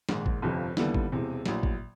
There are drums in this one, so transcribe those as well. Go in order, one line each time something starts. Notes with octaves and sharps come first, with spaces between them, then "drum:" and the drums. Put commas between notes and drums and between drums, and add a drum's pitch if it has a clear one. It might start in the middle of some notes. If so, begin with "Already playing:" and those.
A#1 G#2 D#3, drum: snare
drum: kick
G1 F2 C3 F3
D#2 D3 G3 B3 E4, drum: snare
drum: kick
E1 E2 C3
A#1 A2 F#3, drum: snare
drum: kick